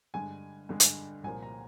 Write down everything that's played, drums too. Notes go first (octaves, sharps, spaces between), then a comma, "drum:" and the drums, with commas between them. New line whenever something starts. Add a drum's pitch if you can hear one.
G2 D3 G#3 G#5
G2 D3 G#3
drum: hi-hat
C2 A#2 F3 A#3 G#5
A#5